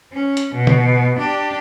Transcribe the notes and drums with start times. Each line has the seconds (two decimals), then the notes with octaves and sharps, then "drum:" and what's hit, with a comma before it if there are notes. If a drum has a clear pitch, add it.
0.12 C#4
0.37 drum: hi-hat
0.54 B2
0.67 drum: tom C#3
1.18 D4 G4